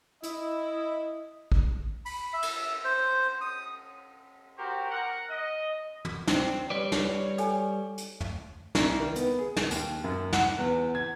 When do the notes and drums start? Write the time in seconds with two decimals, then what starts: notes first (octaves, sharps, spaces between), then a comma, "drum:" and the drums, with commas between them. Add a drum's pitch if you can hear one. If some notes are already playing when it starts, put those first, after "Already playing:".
0.23 E4 D#5, drum: hi-hat
1.52 drum: kick
2.05 B5, drum: open hi-hat
2.33 E5
2.43 drum: cymbal
2.57 E5
2.84 C5
3.41 D#6
4.57 F#4 G4 A#4 C5
4.91 A#4 F#5
5.29 D#5
6.05 drum: tom
6.27 C4, drum: snare
6.70 G3 B4 C#5 D5
6.92 drum: snare
7.38 A4 G5 G#5, drum: hi-hat
7.98 drum: hi-hat
8.20 drum: tom
8.75 C2, drum: snare
9.00 D#3
9.15 B3, drum: hi-hat
9.39 G#4
9.56 drum: snare
9.71 D#2, drum: tambourine
10.04 F#2
10.33 F#5, drum: snare
10.59 E2
10.95 G#6